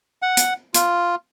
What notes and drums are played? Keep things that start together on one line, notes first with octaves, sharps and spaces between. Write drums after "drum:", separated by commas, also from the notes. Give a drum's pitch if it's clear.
F#5
drum: hi-hat
F4, drum: hi-hat